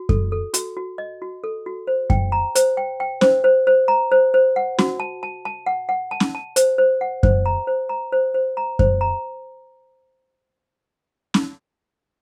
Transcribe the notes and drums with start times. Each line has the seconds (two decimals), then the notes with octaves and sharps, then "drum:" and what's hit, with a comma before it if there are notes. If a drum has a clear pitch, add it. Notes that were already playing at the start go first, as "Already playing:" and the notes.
Already playing: F#4
0.09 A4, drum: kick F#2
0.32 A4
0.54 F#4, drum: hi-hat
0.77 F#4
0.98 D#5
1.22 F#4
1.44 A4
1.66 F#4
1.87 C5
2.10 G5, drum: kick F#2
2.32 A#5
2.55 C5, drum: hi-hat
2.77 G5
3.00 G5
3.21 C5, drum: snare C#4
3.44 C5
3.67 C5
3.88 A#5
4.12 C5
4.34 C5
4.56 F#5
4.79 F#4, drum: snare C#4
5.00 A5
5.23 A5
5.45 A5
5.66 F#5
5.89 F#5
6.11 A5
6.20 drum: snare C#4
6.35 A5
6.56 C5, drum: hi-hat
6.78 C5
7.01 F#5
7.23 C5, drum: kick F#2
7.46 A#5
7.67 C5
7.89 A#5
8.12 C5
8.34 C5
8.57 A#5
8.79 C5, drum: kick F#2
9.01 A#5
11.34 drum: snare C#4